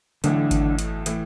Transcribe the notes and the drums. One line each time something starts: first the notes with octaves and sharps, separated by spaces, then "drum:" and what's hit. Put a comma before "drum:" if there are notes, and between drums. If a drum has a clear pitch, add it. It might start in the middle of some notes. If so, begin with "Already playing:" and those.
B1 A2 D3 E3, drum: hi-hat
drum: kick G#1, hi-hat
drum: hi-hat
A2 E3, drum: hi-hat